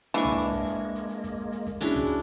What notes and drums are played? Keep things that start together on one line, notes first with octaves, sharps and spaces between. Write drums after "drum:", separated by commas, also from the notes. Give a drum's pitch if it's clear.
E3 G#3 A#3 D4 C#6
drum: tom C2
drum: hi-hat
drum: kick, hi-hat
drum: hi-hat
drum: hi-hat
drum: hi-hat
drum: kick, hi-hat
drum: hi-hat
drum: kick, hi-hat
C#4 D4 E4 F#4 G#4, drum: hi-hat
drum: tom C2